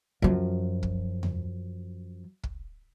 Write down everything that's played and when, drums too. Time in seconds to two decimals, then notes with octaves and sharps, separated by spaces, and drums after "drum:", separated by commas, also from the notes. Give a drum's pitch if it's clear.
0.22 F#2 F3
0.83 drum: kick
1.23 drum: tom E2
2.44 drum: kick